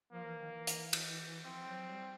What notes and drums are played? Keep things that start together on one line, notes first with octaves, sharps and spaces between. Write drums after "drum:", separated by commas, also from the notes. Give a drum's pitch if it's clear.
F3 A#3
E3
D#3
E3
drum: hi-hat
drum: cymbal
F3 C4
F#3
G3